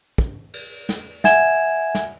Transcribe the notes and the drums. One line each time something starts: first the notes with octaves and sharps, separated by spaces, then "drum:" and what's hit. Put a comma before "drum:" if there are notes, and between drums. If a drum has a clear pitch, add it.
drum: kick
drum: cymbal
drum: snare
E5 F#5 G#5 G#6 E7, drum: snare
drum: snare